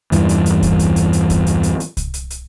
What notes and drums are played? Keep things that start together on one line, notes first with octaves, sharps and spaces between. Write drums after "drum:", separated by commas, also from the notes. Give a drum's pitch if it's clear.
E2 G2 E3, drum: hi-hat
drum: hi-hat
drum: hi-hat
drum: kick C2, hi-hat
drum: hi-hat
drum: hi-hat
drum: hi-hat
drum: kick C2, hi-hat
drum: hi-hat
drum: hi-hat
drum: hi-hat
drum: kick C2, hi-hat
drum: hi-hat
drum: hi-hat